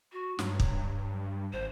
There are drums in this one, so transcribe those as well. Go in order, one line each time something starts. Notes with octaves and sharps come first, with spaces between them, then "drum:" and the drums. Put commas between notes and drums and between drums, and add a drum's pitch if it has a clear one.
F#4
G2 F#3, drum: snare
drum: kick
G#1 C5